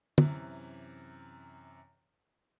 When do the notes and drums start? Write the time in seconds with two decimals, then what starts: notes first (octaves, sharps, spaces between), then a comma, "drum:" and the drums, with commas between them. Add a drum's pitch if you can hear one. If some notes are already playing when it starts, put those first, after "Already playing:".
0.18 F#2 C3 E3, drum: tom